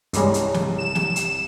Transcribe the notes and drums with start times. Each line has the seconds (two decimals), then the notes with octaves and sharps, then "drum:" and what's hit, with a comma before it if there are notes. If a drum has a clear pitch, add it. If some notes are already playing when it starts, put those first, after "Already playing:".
0.13 C2 G2 G3 G#3 C#5, drum: hi-hat
0.34 drum: hi-hat
0.54 drum: snare
0.78 E7
0.95 drum: snare
1.16 drum: hi-hat